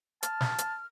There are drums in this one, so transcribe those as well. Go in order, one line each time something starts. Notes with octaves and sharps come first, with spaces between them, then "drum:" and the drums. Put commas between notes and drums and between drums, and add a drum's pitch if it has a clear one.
A5 F6, drum: hi-hat
drum: snare
drum: hi-hat